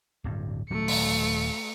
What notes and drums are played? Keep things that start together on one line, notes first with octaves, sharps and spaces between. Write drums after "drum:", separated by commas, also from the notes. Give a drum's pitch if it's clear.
D1 G2
D#1 F#3 A3 C#7
drum: open hi-hat